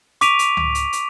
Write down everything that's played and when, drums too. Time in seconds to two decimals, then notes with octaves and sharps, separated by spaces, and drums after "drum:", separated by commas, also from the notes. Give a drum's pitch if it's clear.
0.21 C#6 D6 B6 D7 D#7 F7, drum: hi-hat
0.39 drum: hi-hat
0.57 drum: tom C#2
0.75 drum: hi-hat
0.93 drum: hi-hat